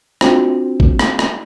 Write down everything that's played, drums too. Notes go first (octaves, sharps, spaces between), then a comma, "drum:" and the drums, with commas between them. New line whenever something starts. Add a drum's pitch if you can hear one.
C4 D4 F4 F#4, drum: rim click
drum: kick
drum: rim click
drum: rim click